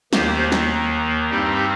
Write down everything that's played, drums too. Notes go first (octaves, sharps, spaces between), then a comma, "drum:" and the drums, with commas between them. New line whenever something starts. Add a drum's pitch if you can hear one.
D#2 D#3 A#3 G4 C5, drum: snare
drum: snare
G2 G3 C4 D#4 G4